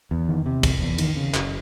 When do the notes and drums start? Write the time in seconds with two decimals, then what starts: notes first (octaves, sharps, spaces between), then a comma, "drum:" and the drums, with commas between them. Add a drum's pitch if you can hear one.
0.11 E2
0.29 D#3
0.46 C3
0.63 F1, drum: kick, cymbal
0.81 E2
0.98 D#3, drum: cymbal
1.17 C#3
1.34 F#1, drum: clap